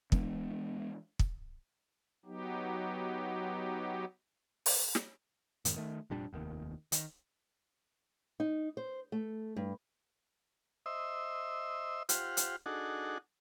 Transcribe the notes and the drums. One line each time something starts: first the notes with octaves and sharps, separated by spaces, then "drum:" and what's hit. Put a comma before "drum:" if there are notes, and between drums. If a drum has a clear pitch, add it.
E3 G#3 B3 D4, drum: kick
drum: kick
F#3 B3 D#4 G4
drum: open hi-hat
drum: snare
F2 G#2 D#3, drum: hi-hat
D#3 A3
F1 A#2 G3 D4
F1 D#2 D#3
D#3, drum: hi-hat
D#4
C5
A3
G2
C5 D#5 E5 E6
F4 G4 C5 F#5 F6, drum: hi-hat
drum: hi-hat
D4 D#4 F#4 G#4 A4 F#5